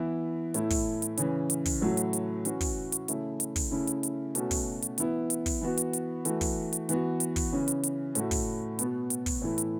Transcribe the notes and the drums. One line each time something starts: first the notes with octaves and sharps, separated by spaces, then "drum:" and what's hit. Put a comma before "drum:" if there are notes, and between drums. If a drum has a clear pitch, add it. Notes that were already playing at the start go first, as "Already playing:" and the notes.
Already playing: E3 B3 E4
A2 A3 E4, drum: hi-hat
drum: kick, open hi-hat
drum: hi-hat
C#3 E3 C#4, drum: hi-hat
drum: hi-hat
drum: kick, open hi-hat
A2 F#3 A3 F#4
drum: hi-hat
drum: hi-hat
E3 C#4 F#4, drum: hi-hat
drum: kick, open hi-hat
drum: hi-hat
C#3 A3 E4, drum: hi-hat
drum: hi-hat
drum: kick, open hi-hat
C#3 A3 C#4 E4
drum: hi-hat
drum: hi-hat
B2 A3 C#4 F#4, drum: hi-hat
drum: kick, open hi-hat
drum: hi-hat
E3 B3 E4, drum: hi-hat
drum: hi-hat
drum: kick, open hi-hat
E3 B3 F#4
drum: hi-hat
drum: hi-hat
E3 A3 F#4, drum: hi-hat
drum: kick, open hi-hat
drum: hi-hat
E3 B3 F#4, drum: hi-hat
drum: hi-hat
drum: kick, open hi-hat
C#3 E3 C#4
drum: hi-hat
drum: hi-hat
A2 A3 F#4, drum: hi-hat
drum: kick, open hi-hat
B2 B3 F#4, drum: hi-hat
drum: hi-hat
drum: kick, open hi-hat
A2 E3 A3 E4
drum: hi-hat